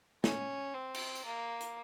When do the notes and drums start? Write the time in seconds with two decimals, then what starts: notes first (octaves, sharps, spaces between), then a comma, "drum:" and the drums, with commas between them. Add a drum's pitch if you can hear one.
0.24 C#4, drum: snare
0.74 C4
0.94 drum: cymbal
1.15 drum: tambourine
1.25 A#3
1.61 drum: hi-hat